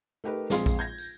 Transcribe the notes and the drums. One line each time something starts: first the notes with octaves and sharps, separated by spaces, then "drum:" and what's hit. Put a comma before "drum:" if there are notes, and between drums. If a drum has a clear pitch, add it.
A3 D#4 G4 A#4 B4
A#1 G#3 C4 G#4 F5 C6, drum: snare
drum: kick A#1, tambourine
G6 G#6 A#6
drum: tambourine